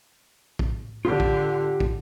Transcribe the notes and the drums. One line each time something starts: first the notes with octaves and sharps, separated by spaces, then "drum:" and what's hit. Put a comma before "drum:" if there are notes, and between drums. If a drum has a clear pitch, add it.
drum: kick
D3 F4 G4
drum: kick
drum: kick